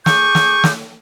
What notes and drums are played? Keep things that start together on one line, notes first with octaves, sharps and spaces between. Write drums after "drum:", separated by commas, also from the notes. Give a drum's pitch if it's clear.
G#4 C#6 D6 G6, drum: snare
drum: snare
drum: snare